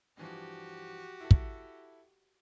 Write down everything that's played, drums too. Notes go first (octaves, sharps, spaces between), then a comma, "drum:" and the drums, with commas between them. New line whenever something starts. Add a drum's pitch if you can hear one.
G2 E3 F3 F#4 G4
E4 A4
drum: kick